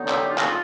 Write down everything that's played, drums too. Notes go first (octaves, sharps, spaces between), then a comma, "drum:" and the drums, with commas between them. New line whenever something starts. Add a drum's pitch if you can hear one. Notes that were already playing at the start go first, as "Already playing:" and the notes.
Already playing: D3 F#3 B3 D#4
G4, drum: clap
F4
F#4, drum: clap
F4